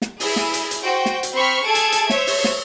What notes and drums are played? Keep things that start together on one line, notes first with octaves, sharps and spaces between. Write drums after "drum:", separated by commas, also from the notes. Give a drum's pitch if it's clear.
drum: snare
E4 G#4, drum: open hi-hat
drum: snare
drum: hi-hat
drum: hi-hat
F#4 C5 G5
drum: snare
drum: hi-hat
C4 C5 B5 C#6 F6 B6
G#4 A4 A5 G#6 D7
drum: hi-hat
drum: hi-hat
C5 C#5 E5, drum: snare
drum: open hi-hat
drum: snare